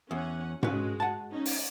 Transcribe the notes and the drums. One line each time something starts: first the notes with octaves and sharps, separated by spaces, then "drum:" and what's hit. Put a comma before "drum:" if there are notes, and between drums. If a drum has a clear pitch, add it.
E2 C#4 F#5
G#3 C#4 F#4 B4, drum: tom G#2
F#5 A5
C#4 D#4
drum: open hi-hat